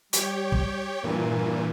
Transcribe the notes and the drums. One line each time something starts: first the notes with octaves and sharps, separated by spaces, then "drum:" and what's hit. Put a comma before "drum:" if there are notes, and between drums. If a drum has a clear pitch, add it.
G3 G4 C#5 G5, drum: hi-hat
drum: kick
G2 A#2 E3 A#3